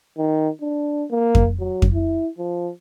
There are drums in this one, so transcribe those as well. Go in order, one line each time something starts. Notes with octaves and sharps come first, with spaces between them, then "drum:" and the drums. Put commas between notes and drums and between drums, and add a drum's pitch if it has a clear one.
D#3
D4
A#3
drum: kick F2
F#3
drum: kick F2
E4
F3